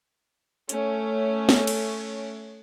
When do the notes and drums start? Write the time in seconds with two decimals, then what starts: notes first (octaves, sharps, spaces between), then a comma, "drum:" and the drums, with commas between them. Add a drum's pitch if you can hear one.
0.69 A3 C#4, drum: hi-hat
1.49 drum: snare
1.67 drum: cymbal